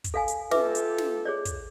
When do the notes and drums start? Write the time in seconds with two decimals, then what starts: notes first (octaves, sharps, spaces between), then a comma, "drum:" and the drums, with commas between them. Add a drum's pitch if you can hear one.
0.04 drum: kick, hi-hat
0.14 A4 F5 G#5
0.28 drum: hi-hat
0.51 F4 G4 A4 B4 E5 D6, drum: snare
0.75 drum: hi-hat
0.98 drum: snare
1.25 G#4 C#5 D5
1.45 drum: kick, hi-hat